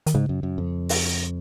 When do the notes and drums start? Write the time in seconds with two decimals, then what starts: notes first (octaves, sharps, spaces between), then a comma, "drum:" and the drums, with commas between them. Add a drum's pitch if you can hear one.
0.07 D#3, drum: hi-hat
0.14 G#2 C#3
0.29 F#2
0.43 F#2
0.58 F2
0.89 drum: open hi-hat